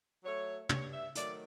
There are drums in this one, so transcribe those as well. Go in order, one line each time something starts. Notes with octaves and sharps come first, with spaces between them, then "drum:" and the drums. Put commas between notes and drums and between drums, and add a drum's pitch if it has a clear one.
F#3 A3 C#5
G2 C#5, drum: tom
E5
D#3 F#3 A3 D5, drum: hi-hat